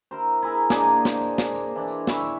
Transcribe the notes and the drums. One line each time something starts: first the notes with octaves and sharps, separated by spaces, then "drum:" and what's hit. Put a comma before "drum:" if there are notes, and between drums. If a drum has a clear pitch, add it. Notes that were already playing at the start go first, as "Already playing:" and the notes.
E4 A#4 C5
E4 G#4 A#4
A#3 D4 D#4 G#4, drum: snare
drum: tambourine
C5, drum: snare
drum: tambourine
drum: snare
drum: tambourine
E3 D4
drum: tambourine
E3 E5 B5 C#6, drum: snare
drum: tambourine